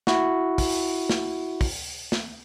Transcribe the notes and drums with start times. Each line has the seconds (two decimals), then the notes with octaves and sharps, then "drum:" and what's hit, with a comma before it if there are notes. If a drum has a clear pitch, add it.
0.07 E4 F#4, drum: snare
0.58 drum: kick, open hi-hat
1.09 drum: snare
1.61 drum: kick, open hi-hat
2.12 drum: snare